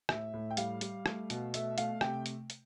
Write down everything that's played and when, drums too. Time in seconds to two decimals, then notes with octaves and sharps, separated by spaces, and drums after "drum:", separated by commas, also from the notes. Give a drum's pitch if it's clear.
0.09 A2 E5, drum: rim click
0.34 A2
0.51 G5
0.57 G3 F5, drum: hi-hat
0.81 G3, drum: hi-hat
1.06 A3, drum: rim click
1.30 B2, drum: hi-hat
1.54 A3 E5, drum: hi-hat
1.78 A3 F5, drum: hi-hat
2.01 C3 G5, drum: rim click
2.26 drum: hi-hat
2.50 drum: hi-hat